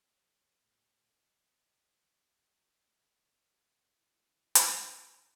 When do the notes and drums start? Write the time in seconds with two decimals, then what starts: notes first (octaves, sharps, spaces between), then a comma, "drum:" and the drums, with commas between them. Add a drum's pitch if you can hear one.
0.10 C#5
0.63 A2
1.17 D#5
2.80 F#2 G3 A3 D4
3.58 C#4
3.92 E4
4.55 drum: hi-hat